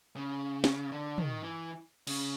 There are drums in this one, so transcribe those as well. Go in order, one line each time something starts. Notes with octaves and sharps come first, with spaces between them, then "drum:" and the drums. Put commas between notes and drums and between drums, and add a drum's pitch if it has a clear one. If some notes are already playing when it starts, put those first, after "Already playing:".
C#3
drum: snare
D3
D#3, drum: tom
E3
C#3, drum: cymbal